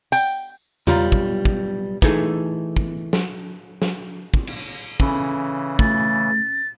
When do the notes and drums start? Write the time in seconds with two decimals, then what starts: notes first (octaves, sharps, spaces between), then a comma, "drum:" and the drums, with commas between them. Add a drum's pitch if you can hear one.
0.12 G5, drum: tambourine
0.87 B1 G3 F4 F5 A#5 C6, drum: tom E2
1.12 drum: kick
1.45 drum: kick
2.02 E3 A3 D#4 G#4 A4, drum: kick
2.77 drum: kick
3.13 drum: snare
3.82 drum: snare
4.34 drum: kick
4.47 drum: cymbal
5.00 C#3 E3 C#4 A4 B5, drum: kick
5.79 A3 A6, drum: kick